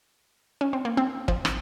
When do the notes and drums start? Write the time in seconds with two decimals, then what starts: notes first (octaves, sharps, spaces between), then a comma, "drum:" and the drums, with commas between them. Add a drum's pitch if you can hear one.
0.61 C#4
0.73 C4
0.85 A#3
0.97 C4
1.28 F3, drum: kick
1.45 drum: rim click